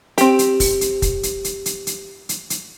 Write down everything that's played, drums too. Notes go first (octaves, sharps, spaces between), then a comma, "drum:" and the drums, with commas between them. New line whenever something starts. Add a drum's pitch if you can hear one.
C4 G4, drum: hi-hat
drum: hi-hat
drum: kick, open hi-hat
drum: hi-hat
drum: kick, hi-hat
drum: hi-hat
drum: hi-hat
drum: hi-hat
drum: hi-hat
drum: hi-hat
drum: hi-hat